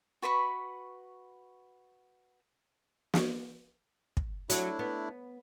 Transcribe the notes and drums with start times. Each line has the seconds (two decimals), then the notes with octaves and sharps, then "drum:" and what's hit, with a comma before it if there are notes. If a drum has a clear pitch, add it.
0.22 F#4 B4 B5 C#6
3.14 drum: snare
4.17 drum: kick
4.50 F#3 A3 D4 E4, drum: hi-hat
4.79 B3